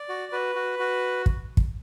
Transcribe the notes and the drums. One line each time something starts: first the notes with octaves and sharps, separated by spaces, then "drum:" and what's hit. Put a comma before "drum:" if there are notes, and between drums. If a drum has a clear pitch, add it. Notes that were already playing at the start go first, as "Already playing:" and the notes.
Already playing: D5
F#4
F#4 B4
F#4
F#4
drum: kick
drum: kick